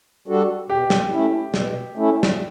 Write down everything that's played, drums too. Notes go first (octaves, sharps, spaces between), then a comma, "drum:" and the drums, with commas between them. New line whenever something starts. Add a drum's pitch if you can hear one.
G3 D4 F#4 A4
B2 G4
drum: snare
A3 C#4 E4
B2, drum: snare
A3 C#4 E4
drum: snare